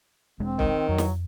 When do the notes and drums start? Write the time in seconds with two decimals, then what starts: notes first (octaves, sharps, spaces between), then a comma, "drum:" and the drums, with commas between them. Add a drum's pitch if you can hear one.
0.40 E1 G#3 C4 D4
0.59 D#3, drum: kick
0.88 F2 F#3
0.98 drum: snare